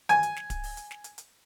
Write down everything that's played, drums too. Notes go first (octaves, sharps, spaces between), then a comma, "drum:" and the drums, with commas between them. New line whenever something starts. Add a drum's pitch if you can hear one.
G#5, drum: hi-hat
drum: hi-hat
drum: snare
drum: kick D1, hi-hat
drum: open hi-hat
drum: hi-hat
drum: snare
drum: hi-hat
drum: hi-hat